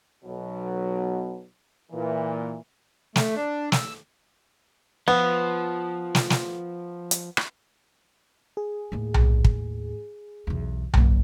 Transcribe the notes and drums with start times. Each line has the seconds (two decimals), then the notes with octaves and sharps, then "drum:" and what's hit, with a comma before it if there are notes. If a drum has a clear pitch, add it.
0.24 B1 B2 F#3
1.92 A#2 E3
3.16 A3, drum: snare
3.35 D4
3.72 E6, drum: snare
5.08 F3 B3 B4
6.15 drum: snare
6.30 drum: snare
7.11 drum: hi-hat
7.37 drum: rim click
8.57 G#4
8.92 D#2 A2
9.14 drum: tom B1
9.45 drum: kick
10.47 B1 E2
10.94 G1 F#3 A#3, drum: tom B1